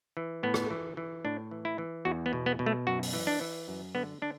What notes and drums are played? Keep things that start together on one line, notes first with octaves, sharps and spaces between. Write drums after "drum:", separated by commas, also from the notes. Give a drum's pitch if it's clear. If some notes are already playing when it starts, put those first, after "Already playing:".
E3
A2 B3
drum: rim click
E3
E3
A2 D4
E3
E4
E3
E2 F#4
B3
B2
B3
B2
A3
F#2 F#4
drum: open hi-hat
E3
D4
E3
F#2
D3 B3
D3 D4